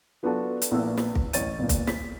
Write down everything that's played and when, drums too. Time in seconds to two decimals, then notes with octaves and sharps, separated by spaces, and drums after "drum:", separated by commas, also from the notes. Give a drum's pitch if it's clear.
0.23 F#3 B3 D4 F4 F#4 A4
0.62 drum: hi-hat
0.71 A#1 A#2 B3 E4 E6
0.97 drum: snare
1.15 drum: kick
1.33 A1 C#5 A6 D#7, drum: hi-hat
1.59 G1 A#2
1.69 drum: kick, hi-hat
1.87 B6, drum: snare